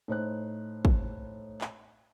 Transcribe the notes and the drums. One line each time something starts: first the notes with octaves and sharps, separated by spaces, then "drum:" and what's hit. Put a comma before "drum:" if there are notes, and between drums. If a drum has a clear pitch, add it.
A2 D#4 C5 F#6
drum: kick
drum: clap